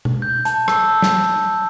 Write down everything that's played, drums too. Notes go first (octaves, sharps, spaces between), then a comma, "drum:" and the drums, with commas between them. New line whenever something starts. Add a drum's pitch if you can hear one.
drum: tom B2
G6
A5, drum: hi-hat
E6, drum: rim click
drum: snare